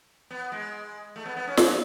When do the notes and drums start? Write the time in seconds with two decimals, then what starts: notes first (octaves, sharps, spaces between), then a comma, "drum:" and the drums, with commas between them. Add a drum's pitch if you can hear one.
0.31 B3
0.52 G#3
1.16 A3
1.26 B3
1.37 B3
1.47 C#4
1.57 D#4, drum: snare
1.64 C#4